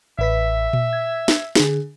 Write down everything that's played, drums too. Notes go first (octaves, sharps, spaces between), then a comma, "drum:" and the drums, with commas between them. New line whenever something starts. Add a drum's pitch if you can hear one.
A1 B4 E5 B6
drum: tom A#2
G#6
drum: snare
D3 G#4, drum: snare